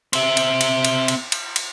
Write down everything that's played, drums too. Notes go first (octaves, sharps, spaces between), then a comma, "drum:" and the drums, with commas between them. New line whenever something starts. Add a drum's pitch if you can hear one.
C4 E5, drum: cymbal
drum: cymbal
drum: cymbal
drum: cymbal
drum: cymbal
drum: cymbal
drum: cymbal